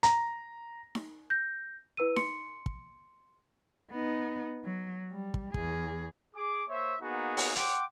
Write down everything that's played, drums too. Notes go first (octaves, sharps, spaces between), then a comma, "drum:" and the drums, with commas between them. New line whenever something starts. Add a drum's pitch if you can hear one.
A#5, drum: hi-hat
drum: snare D#4
G6 A#6
E4 B4 E6 D#7
C6 C#7, drum: snare D#4
drum: kick
B3 D#4
F#3
G3
drum: kick
E2 G#4, drum: kick
G#4 D6
A#3 C5 C#5 E5
A#3 B3 D#4 F#4 G#4
drum: open hi-hat
F#5 G5 C6 D6, drum: hi-hat